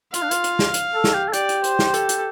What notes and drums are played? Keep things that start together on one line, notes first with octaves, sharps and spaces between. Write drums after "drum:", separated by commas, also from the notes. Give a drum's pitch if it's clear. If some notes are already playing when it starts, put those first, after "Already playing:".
F4 F5, drum: hi-hat
D4
F4, drum: hi-hat
drum: hi-hat
drum: snare
drum: hi-hat
A4
drum: snare
G4
A4
G4 D5, drum: hi-hat
drum: hi-hat
C5, drum: hi-hat
drum: snare
A4, drum: hi-hat
drum: hi-hat